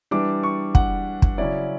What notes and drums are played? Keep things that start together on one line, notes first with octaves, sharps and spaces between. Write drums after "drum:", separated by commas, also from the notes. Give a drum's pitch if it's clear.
E3 G3 D4 D6
C#6
F#5, drum: kick
drum: kick
C#3 F#3 C#4 E4 D5